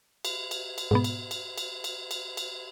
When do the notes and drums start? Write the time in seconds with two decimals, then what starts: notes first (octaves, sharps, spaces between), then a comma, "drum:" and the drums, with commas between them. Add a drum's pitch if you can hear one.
0.25 drum: cymbal
0.51 drum: cymbal
0.78 drum: cymbal
0.91 G#2 B2 B3
1.04 drum: cymbal
1.31 drum: cymbal
1.58 drum: cymbal
1.84 drum: cymbal
2.11 drum: cymbal
2.37 drum: cymbal